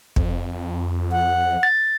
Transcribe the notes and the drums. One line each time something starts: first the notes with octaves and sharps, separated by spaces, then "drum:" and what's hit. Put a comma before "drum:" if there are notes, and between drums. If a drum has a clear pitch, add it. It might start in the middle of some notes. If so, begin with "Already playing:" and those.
F2, drum: kick
F#5
A6